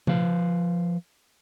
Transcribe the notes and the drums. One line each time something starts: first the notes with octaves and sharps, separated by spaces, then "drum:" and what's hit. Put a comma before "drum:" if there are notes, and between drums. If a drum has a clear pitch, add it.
F3 B4 F5, drum: tom C#3